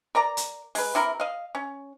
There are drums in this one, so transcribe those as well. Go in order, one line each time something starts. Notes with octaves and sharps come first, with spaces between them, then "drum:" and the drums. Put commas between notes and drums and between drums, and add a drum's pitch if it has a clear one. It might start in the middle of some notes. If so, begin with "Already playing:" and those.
A#4 D5 A#5
drum: hi-hat
G#3 B4, drum: open hi-hat
C3 E4 A#4
D#5 F5
C#4